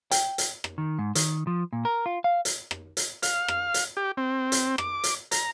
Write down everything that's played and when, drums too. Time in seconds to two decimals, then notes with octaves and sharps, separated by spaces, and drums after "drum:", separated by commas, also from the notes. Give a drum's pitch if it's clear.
0.11 G5, drum: hi-hat
0.38 drum: hi-hat
0.64 drum: rim click
0.78 D#3
0.99 G#2
1.15 D#3, drum: hi-hat
1.47 F3
1.73 A#2
1.85 A#4
2.06 F4
2.24 F5
2.45 drum: hi-hat
2.71 drum: rim click
2.97 drum: hi-hat
3.23 F5, drum: hi-hat
3.48 drum: rim click
3.74 drum: hi-hat
3.97 G4
4.17 C4
4.52 drum: hi-hat
4.78 D6, drum: rim click
5.04 drum: hi-hat
5.31 A#5, drum: hi-hat